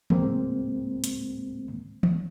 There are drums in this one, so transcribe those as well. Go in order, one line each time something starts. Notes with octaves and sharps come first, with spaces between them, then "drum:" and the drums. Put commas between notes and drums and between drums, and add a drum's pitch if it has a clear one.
C#2 A2 G#3 A#3 C4, drum: tom
drum: hi-hat
drum: tom